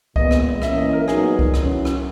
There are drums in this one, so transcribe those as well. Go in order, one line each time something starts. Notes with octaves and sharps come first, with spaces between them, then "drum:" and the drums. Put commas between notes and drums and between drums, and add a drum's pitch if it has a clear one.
A#2 G#3 B3 D#5, drum: kick C2
drum: rim click
E3 A#3 C#4 E5, drum: rim click
D#5
A#4
A#2 F#3 B3 D#4 G#4, drum: rim click
drum: kick C2
F#3 C#4 E4, drum: rim click
drum: rim click